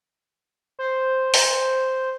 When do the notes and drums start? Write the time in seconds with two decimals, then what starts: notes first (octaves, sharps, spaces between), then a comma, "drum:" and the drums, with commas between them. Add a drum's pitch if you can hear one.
0.79 C5
1.34 drum: open hi-hat